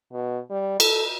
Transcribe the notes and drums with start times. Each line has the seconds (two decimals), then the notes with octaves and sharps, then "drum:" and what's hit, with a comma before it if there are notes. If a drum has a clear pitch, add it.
0.12 B2
0.51 G3
0.80 A4, drum: cymbal